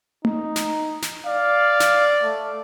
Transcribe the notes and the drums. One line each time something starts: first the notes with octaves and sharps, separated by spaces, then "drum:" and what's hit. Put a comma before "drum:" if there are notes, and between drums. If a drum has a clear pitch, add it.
D#4, drum: tom A3
drum: snare
drum: snare
D5 F5
drum: snare
A3